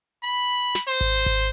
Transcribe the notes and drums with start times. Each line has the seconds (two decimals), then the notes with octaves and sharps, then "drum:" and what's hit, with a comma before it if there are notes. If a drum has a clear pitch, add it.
0.24 B5, drum: hi-hat
0.75 drum: snare
0.88 C5
1.01 drum: kick G#1
1.26 drum: kick G#1, hi-hat